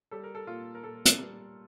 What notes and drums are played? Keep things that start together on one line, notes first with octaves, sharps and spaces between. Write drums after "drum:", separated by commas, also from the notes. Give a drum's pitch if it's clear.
G3 A4
A#4
A4
A#2 F4
A#4
A#2 A4
drum: hi-hat
G3